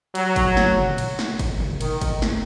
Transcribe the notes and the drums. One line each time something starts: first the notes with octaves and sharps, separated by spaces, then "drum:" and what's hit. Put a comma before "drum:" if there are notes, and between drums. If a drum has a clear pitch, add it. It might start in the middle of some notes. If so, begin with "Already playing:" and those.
F#3, drum: cymbal
drum: kick G1, cymbal
drum: snare
drum: tom
drum: cymbal
drum: snare
drum: kick G1, cymbal
drum: tom
D#3, drum: cymbal
drum: kick G1, cymbal
drum: snare